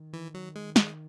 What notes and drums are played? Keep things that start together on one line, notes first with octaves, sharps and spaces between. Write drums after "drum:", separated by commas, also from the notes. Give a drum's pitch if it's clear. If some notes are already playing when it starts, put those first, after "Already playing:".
Already playing: D#3
E3
F#3
G#3
G#3, drum: snare